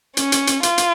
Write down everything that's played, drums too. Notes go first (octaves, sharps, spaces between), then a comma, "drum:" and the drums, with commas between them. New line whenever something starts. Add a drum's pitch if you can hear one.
C#4, drum: hi-hat
drum: hi-hat
drum: hi-hat
F4, drum: hi-hat
drum: hi-hat